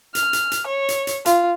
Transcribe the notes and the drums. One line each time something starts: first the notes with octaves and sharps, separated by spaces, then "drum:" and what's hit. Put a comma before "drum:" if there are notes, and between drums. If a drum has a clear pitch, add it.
F6, drum: hi-hat
drum: hi-hat
drum: hi-hat
C#5
drum: hi-hat
drum: hi-hat
F4, drum: hi-hat